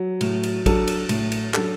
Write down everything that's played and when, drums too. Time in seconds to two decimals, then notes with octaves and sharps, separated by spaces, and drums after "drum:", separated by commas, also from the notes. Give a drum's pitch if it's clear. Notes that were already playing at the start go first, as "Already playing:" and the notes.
Already playing: F#3
0.21 A2, drum: cymbal
0.43 drum: cymbal
0.66 F#3 D4 A4, drum: kick, cymbal
0.88 drum: cymbal
1.09 A2, drum: cymbal
1.32 drum: cymbal
1.54 F#3 D4 A4, drum: clap